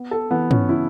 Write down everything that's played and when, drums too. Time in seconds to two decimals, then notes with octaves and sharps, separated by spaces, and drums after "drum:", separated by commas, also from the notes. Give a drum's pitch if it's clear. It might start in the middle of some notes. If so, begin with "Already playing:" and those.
Already playing: B3
0.11 A4
0.31 E3 B3
0.51 C#4, drum: tom
0.69 C#3 E4